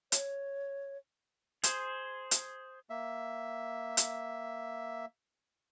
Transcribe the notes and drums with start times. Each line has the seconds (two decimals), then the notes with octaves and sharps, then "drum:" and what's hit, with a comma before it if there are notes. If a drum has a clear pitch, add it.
0.12 C#5, drum: hi-hat
1.64 G#4 C5, drum: hi-hat
2.31 drum: hi-hat
2.90 A#3 E5
3.97 drum: hi-hat